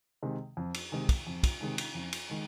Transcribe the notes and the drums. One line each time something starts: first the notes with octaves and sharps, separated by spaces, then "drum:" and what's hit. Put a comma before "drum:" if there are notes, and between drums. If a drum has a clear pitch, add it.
C3 D#3 G#3
F2
drum: cymbal
C3 D#3 G#3
drum: kick, cymbal
F2
drum: kick, cymbal
C3 D#3 G#3
drum: cymbal
F2
drum: cymbal
D#3 G#3